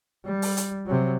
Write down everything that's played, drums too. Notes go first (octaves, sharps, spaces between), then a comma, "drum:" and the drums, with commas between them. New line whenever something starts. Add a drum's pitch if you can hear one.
G3
drum: open hi-hat
drum: hi-hat
C3 F#3